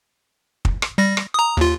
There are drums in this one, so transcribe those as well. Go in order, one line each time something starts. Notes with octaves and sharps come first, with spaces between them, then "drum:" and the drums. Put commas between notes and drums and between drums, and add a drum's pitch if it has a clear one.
drum: kick
drum: rim click
G3 A#6
drum: rim click
A#5 D#6
D#2 F4